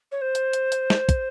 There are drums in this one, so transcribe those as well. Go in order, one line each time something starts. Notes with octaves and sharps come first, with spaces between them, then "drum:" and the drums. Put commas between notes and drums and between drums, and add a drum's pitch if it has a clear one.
C#5
C5
drum: hi-hat
drum: hi-hat
drum: hi-hat
drum: snare
drum: kick, hi-hat